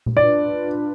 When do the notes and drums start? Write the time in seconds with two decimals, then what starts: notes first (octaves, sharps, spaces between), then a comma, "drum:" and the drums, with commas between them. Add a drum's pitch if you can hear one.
0.06 drum: tom A#2
0.16 D4 F4 B4 D5